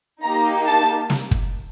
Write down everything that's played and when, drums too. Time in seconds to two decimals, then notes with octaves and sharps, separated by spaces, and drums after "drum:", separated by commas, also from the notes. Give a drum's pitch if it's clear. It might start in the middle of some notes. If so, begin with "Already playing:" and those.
0.23 A#3 D#4 G4 A#5
0.67 A5
1.10 drum: snare
1.31 drum: kick